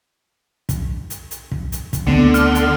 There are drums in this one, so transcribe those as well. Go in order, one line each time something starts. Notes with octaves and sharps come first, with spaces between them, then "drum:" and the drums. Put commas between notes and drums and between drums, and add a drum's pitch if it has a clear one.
drum: kick, hi-hat
drum: hi-hat
drum: hi-hat
drum: kick
drum: hi-hat
drum: kick, hi-hat
D2 D3 B3 C4
F6, drum: hi-hat
drum: hi-hat